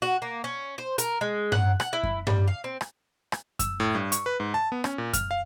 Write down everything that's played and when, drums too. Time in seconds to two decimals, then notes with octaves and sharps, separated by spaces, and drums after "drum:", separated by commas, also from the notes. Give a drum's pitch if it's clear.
0.02 F#4
0.22 A#3
0.44 C#4
0.78 C5
0.98 A#4, drum: hi-hat
1.21 G#3
1.52 F#5, drum: tom G2
1.80 F#5, drum: rim click
1.93 E4
2.03 drum: kick F#2
2.27 G3, drum: tom G2
2.48 F5
2.64 C4
2.81 drum: rim click
3.32 drum: rim click
3.59 E6, drum: kick F#2, hi-hat
3.80 A2
3.95 G2
4.12 C#6, drum: hi-hat
4.26 B4
4.40 G#2
4.54 A5
4.72 B3
4.84 C#4, drum: rim click
4.98 A#2
5.13 F6, drum: kick F#2, hi-hat
5.31 F5